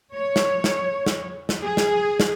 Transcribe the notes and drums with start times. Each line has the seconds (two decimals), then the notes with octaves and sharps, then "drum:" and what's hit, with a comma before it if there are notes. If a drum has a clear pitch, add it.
0.14 C#5
0.36 drum: snare
0.64 drum: snare
1.06 drum: snare
1.49 drum: snare
1.63 G#4
1.77 drum: snare
2.20 drum: snare